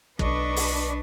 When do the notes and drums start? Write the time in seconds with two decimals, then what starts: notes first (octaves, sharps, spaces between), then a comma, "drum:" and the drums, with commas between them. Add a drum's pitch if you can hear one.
0.19 B1 D4 B4 D#5 C#6, drum: kick
0.56 drum: open hi-hat